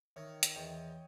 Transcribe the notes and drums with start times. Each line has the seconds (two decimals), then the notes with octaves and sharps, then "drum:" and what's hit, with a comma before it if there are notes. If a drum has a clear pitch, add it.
0.16 D#3 C#5 E5
0.43 drum: hi-hat
0.56 E2 D#5 G5